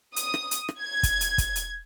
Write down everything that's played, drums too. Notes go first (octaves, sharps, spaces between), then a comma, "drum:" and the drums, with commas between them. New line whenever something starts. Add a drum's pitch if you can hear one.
D#6, drum: hi-hat
drum: rim click
drum: hi-hat
drum: rim click
G#6
drum: kick, hi-hat
drum: hi-hat
drum: kick, hi-hat
drum: hi-hat